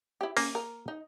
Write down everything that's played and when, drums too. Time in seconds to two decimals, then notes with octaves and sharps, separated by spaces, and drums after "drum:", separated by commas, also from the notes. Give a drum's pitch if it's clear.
0.21 E4 G4
0.37 A#3 C#4, drum: open hi-hat
0.55 A#4
0.88 D#4